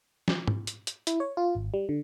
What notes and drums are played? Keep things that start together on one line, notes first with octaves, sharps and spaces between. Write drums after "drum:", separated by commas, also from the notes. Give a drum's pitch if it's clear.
drum: snare
drum: tom G#2
drum: hi-hat
drum: hi-hat
E4, drum: hi-hat
C#5
F4
G#1
G3
D3